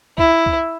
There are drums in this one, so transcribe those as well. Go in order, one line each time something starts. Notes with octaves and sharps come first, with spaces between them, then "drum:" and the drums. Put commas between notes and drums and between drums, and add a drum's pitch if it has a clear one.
E4, drum: kick
drum: kick